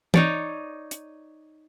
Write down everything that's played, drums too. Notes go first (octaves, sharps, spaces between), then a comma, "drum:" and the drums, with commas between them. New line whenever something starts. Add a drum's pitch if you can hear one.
D#4 C#5 D5, drum: tom E3
drum: hi-hat